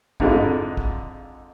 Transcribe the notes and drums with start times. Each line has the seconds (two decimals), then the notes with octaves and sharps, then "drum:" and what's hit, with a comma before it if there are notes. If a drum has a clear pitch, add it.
0.20 F2 G#2 D3 G#3 E4 F4, drum: kick
0.77 drum: kick